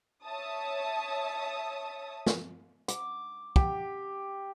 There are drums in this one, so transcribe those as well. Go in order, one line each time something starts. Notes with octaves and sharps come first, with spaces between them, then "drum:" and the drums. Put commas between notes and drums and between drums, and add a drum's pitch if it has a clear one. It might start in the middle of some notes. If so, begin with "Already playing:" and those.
C#5 E5 A5 D#6
drum: snare
D6, drum: hi-hat
G4, drum: kick